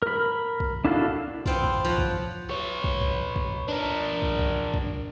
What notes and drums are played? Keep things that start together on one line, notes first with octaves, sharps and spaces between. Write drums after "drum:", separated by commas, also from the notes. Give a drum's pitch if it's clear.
A#4 B5
drum: kick
D4 E4 F#4 A4 F5
B3 C4 F4, drum: kick
drum: kick
F3 C#5 F#5
drum: kick
B4 C#5
drum: kick
drum: kick
drum: kick
D4 A#4
drum: kick
drum: kick
drum: kick